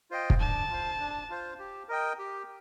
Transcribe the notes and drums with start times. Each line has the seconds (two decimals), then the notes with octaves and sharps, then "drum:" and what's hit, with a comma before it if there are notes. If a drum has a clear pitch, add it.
0.11 F4 C5 D#5 G5
0.30 drum: kick
0.40 D4 A5
0.71 F4 C5
1.00 D4
1.30 F4 C5
1.59 G4
1.89 A#4 D#5 G5
2.19 G4